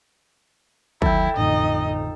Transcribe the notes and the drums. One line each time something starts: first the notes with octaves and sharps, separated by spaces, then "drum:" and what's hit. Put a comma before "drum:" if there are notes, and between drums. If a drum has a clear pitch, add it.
D2 D#3 F#3 E4 A4 G5, drum: kick
A1 F2 A2 D3 D#4 D#5